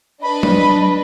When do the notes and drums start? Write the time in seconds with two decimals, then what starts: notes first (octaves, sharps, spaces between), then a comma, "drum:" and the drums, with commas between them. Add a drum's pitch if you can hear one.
0.22 D4 B4 D#5 B5
0.43 drum: tom F#3